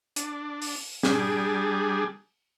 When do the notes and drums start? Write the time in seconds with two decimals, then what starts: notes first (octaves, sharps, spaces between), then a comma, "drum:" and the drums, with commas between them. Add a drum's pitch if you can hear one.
0.16 D4, drum: hi-hat
0.62 drum: open hi-hat
1.03 G3 D4 G#4, drum: snare